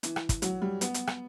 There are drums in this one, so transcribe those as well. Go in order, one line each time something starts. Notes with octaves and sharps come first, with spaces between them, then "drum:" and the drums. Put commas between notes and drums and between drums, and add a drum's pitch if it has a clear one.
E3, drum: hi-hat
drum: rim click
drum: kick, hi-hat
F#3, drum: hi-hat
G3
B3, drum: hi-hat
drum: hi-hat
drum: rim click